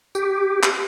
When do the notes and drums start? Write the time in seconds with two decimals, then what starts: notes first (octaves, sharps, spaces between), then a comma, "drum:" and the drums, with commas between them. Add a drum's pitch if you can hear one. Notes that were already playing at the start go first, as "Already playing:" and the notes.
0.15 G4, drum: tambourine
0.63 drum: clap